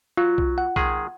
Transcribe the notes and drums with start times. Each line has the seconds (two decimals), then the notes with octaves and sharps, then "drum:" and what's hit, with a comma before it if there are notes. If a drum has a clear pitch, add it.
0.17 F#3 F4
0.38 drum: kick B1
0.58 F#5
0.76 D#3 G#3 G#4, drum: kick B1